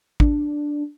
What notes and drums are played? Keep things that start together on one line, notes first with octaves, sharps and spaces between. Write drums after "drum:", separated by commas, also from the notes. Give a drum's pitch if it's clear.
D4, drum: kick